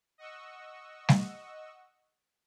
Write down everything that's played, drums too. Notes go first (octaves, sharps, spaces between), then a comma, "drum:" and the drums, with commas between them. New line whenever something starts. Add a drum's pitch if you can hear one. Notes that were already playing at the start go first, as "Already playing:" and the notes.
D#5 F#5 C#6 E6
drum: snare G3